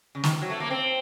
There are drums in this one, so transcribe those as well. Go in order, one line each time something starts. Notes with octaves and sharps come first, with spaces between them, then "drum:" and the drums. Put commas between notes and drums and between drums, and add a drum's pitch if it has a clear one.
C#3
D#3, drum: snare
F3
F#3
A3
A#3
C4